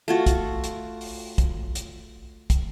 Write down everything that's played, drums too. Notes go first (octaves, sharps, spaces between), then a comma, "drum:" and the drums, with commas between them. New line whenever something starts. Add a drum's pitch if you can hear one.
A3 F4 F#4
drum: kick, hi-hat
drum: hi-hat
drum: open hi-hat
drum: kick, hi-hat
drum: hi-hat
drum: kick, hi-hat